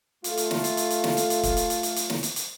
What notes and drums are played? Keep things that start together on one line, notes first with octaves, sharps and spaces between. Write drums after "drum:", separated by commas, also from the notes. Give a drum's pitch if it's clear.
A3 F4, drum: hi-hat
drum: hi-hat
drum: snare
drum: hi-hat
drum: hi-hat
drum: hi-hat
drum: snare
drum: hi-hat
drum: hi-hat
drum: kick, hi-hat
drum: hi-hat
drum: hi-hat
drum: hi-hat
drum: hi-hat
drum: snare
drum: hi-hat
drum: hi-hat